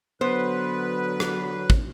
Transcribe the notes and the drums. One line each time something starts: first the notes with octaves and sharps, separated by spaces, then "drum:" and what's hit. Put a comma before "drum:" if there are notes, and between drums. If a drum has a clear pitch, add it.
D3 F#3 B3 B4 C5
drum: rim click
drum: kick